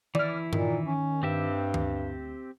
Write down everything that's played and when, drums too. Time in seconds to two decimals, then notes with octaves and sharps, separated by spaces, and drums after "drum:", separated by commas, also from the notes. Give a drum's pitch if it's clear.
0.15 E3 E4 D5 F6, drum: tom D#3
0.53 A#2 D#3, drum: tom G2
0.84 C#4
1.23 G2 C4 G4 E5
1.74 D2, drum: tom D#3